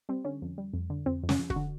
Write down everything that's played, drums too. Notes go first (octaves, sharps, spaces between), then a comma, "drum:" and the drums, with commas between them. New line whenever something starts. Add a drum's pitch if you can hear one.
G3 C4
D3 C#4
F2
G3
F2
D3
F2 C4
F2
C#4, drum: snare
F2
F#4, drum: kick
D3